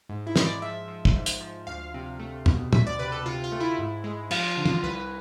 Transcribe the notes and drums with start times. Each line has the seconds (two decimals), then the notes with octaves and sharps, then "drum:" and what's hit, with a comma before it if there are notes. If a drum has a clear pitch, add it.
0.09 G#2
0.27 E4
0.36 G#3, drum: snare
0.45 D5
0.62 F3 E5
0.88 F3
1.05 drum: kick
1.15 G#2
1.26 drum: hi-hat
1.40 F3
1.67 D2 F5
1.94 C3
2.20 A3
2.46 B2, drum: tom
2.73 D2 E5, drum: tom
2.87 D5
2.99 C3 B4
3.12 A4
3.26 C3 F4
3.44 F4
3.52 A3
3.60 E4
3.79 G#2
4.04 G#3
4.31 F3 F4, drum: cymbal
4.48 F4
4.57 D3
4.66 F4, drum: tom
4.83 C2 B4